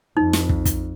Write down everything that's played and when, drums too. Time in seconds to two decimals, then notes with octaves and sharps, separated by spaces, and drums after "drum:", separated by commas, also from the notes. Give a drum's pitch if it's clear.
0.17 F2 D#4
0.33 drum: snare
0.49 drum: kick
0.65 drum: kick, hi-hat